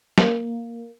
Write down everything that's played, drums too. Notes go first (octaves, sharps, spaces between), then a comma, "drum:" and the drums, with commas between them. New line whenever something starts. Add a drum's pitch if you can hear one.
A#3, drum: snare